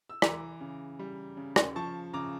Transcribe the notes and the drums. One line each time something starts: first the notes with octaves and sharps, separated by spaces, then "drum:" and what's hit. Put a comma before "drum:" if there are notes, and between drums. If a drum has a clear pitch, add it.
E6
E3 A#5 D6, drum: rim click
C#3
G3
C#3
drum: rim click
F3 A5 C#6
C#3 A#5 D6